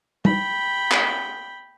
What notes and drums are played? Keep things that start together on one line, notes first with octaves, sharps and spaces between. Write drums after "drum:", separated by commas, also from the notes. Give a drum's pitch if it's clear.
G5 B5, drum: tom
drum: clap